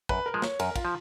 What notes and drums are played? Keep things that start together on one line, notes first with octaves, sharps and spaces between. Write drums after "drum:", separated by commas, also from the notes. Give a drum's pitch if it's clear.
F#2 B4, drum: kick
A#4
F3 G#3
C#5, drum: snare
F#2 A#4, drum: cymbal
F4, drum: kick, cymbal
F3